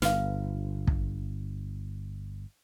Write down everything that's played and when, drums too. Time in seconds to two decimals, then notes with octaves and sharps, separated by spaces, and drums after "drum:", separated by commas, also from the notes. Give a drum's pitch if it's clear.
0.02 G1 B4 F5, drum: snare
0.87 drum: kick